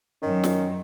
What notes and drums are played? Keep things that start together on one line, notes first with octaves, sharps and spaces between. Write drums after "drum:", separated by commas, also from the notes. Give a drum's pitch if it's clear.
F#2 D#3 C#4
drum: snare